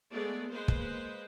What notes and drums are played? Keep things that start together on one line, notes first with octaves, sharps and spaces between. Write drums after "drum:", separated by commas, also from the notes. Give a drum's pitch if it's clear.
G#3 A3 B3 G#4 D5
G#3 A#3 B4 C5
drum: kick